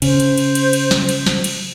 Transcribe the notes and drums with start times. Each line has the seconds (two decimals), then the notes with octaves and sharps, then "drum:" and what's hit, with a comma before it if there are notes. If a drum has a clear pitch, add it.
0.02 C#3 C5, drum: cymbal
0.20 drum: cymbal
0.38 drum: cymbal
0.55 drum: cymbal
0.73 drum: cymbal
0.91 drum: snare
1.09 drum: cymbal
1.26 drum: snare
1.44 drum: cymbal